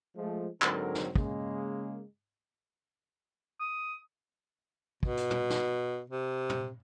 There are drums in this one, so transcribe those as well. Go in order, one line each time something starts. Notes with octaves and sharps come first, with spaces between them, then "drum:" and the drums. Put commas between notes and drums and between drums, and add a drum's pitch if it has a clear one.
F3 G#3 A3
G#2 D3 F#3 C4 A4 A#4, drum: clap
drum: snare
C#3 G#3 A#3, drum: kick
D#6
B2, drum: kick
drum: hi-hat
drum: tom
drum: snare
C3
drum: tom